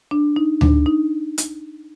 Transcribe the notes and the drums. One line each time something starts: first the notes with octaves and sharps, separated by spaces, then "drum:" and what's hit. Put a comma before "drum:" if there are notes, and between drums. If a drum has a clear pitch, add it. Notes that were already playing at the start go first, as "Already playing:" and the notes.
D4
D#4
D4, drum: tom D2
D#4
drum: hi-hat